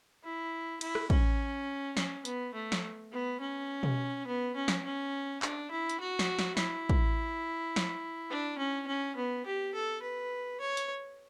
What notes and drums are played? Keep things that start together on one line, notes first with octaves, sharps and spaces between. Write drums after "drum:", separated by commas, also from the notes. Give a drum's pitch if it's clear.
E4
E4, drum: cymbal
drum: rim click
C#4, drum: kick
C#4, drum: snare
B3, drum: hi-hat
A3
drum: snare
B3
C#4
drum: tom B2
B3
C#4
drum: snare
C#4
D4, drum: clap
E4
drum: hi-hat
F#4
drum: snare
drum: snare
E4, drum: snare
drum: kick
drum: snare
D4
C#4
C#4
B3
G4
A4
B4
C#5
drum: hi-hat